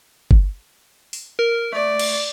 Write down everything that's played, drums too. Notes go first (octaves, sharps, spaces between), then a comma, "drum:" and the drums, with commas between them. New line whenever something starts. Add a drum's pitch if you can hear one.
drum: kick
drum: open hi-hat
A#4
A3 D5
drum: cymbal